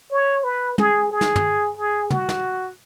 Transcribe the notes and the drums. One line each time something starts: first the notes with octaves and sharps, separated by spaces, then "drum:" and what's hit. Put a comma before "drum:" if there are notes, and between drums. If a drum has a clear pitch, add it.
C#5
B4
G#4, drum: tom
G#4
drum: snare
drum: tom
G#4
F#4, drum: tom
drum: snare